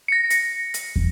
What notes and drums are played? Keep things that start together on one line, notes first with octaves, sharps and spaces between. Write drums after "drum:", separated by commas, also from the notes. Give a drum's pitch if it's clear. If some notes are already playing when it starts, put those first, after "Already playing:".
A#6 C#7
drum: hi-hat
drum: hi-hat
drum: kick